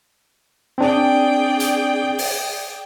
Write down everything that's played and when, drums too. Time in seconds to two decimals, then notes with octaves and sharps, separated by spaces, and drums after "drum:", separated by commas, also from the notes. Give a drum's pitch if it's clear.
0.78 C4 D4 G#4 D5 G5
1.60 drum: hi-hat
2.18 drum: open hi-hat